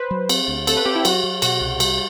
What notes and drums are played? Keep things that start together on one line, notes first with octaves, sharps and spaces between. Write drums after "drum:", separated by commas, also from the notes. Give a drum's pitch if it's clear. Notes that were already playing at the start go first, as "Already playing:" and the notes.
Already playing: B4 C5
F#3
C4, drum: cymbal
D2
C4 A4, drum: cymbal
B4
C4 G4
E4
F#3 F#4, drum: cymbal
F#3
B2 F#4, drum: cymbal
C2
G3, drum: cymbal